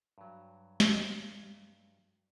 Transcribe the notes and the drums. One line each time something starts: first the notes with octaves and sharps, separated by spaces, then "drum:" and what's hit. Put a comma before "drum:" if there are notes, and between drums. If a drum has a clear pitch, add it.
G2 F#3
drum: snare